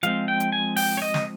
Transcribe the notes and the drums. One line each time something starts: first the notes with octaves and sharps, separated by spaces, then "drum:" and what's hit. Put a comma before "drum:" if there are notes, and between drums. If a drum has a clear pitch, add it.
F3 G#3 C4 F5, drum: hi-hat
G5
drum: hi-hat
G#5
G5, drum: open hi-hat
C#5
D#5
drum: snare